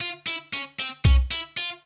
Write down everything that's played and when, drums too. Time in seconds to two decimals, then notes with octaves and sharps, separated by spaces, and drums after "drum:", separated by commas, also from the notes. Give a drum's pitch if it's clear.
0.01 F4
0.27 E4, drum: tambourine
0.53 C#4, drum: tambourine
0.79 C4, drum: tambourine
1.05 C#4, drum: kick B1, tambourine
1.31 E4, drum: tambourine
1.57 F4, drum: tambourine